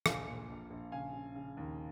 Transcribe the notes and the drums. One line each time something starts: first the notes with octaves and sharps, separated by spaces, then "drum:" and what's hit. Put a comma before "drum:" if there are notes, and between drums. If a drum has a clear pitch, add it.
A#1 F5 G#5, drum: rim click
A#2
A#1
A#1
C#3 F5 G#5
C#3
C#3
D#2